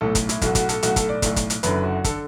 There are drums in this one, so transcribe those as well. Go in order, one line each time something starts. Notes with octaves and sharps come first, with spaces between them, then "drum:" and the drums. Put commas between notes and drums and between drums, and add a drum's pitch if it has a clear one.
B1 A2 A3 A4
drum: kick, hi-hat
E4, drum: hi-hat
B1 A2 A3 F#4, drum: kick, hi-hat
F#4, drum: kick, hi-hat
A4, drum: hi-hat
B1 A2 A3 F#4, drum: hi-hat
A4, drum: kick, hi-hat
D5
B1 A2 A3, drum: kick, hi-hat
drum: kick, hi-hat
drum: hi-hat
F#1 F#2 D3 B4, drum: hi-hat
F#4
D3 A4, drum: kick, hi-hat